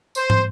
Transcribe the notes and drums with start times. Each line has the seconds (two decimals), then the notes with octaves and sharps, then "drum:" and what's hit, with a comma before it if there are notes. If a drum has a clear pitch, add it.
0.15 C5, drum: tambourine
0.30 drum: tom